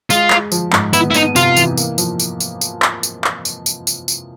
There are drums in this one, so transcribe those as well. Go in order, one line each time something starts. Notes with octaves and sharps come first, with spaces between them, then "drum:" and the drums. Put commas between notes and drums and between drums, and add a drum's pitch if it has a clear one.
G#3 F4, drum: tambourine
G#3, drum: clap
F3, drum: tambourine
G#2, drum: clap
B3 E4, drum: tambourine
E4
B3 D#4, drum: tambourine
C3 F4, drum: tambourine
E3, drum: tambourine
A#3, drum: tambourine
F3, drum: tambourine
drum: tambourine
drum: tambourine
drum: tambourine
drum: clap
drum: tambourine
drum: clap
drum: tambourine
drum: tambourine
drum: tambourine
drum: tambourine